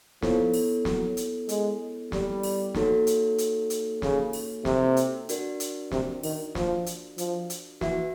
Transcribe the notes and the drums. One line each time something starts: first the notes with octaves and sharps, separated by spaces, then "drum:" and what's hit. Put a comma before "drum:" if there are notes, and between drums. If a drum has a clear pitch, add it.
F3 B3 E4 A4 C#5, drum: snare
drum: open hi-hat
F#3, drum: snare
drum: hi-hat
G#3, drum: hi-hat
G3, drum: snare
drum: open hi-hat
A#3 D#4 F#4 A4 C#5, drum: snare
drum: hi-hat
drum: hi-hat
drum: hi-hat
C#3, drum: snare
drum: open hi-hat
C3, drum: snare
drum: hi-hat
D4 F#4 A#4 D5, drum: hi-hat
drum: hi-hat
C3, drum: snare
D#3, drum: open hi-hat
F3, drum: snare
drum: hi-hat
F3, drum: hi-hat
drum: hi-hat
E3 F#4 B4 E5, drum: snare